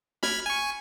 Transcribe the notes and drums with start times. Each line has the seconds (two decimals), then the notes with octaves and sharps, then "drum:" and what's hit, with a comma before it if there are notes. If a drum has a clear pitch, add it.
0.23 B5 F6 G#6, drum: snare
0.46 G#5 C#6